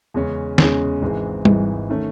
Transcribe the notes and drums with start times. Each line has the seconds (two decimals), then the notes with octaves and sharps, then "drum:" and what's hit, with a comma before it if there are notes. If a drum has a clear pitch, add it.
0.14 E2 C#3 G#3 C#4
0.58 E2 C#3 G#3 C#4, drum: snare
1.01 G#1 G#2 E3 G#3
1.45 G#1 G#2 E3 G#3, drum: tom G3
1.89 D#3 A3 C#4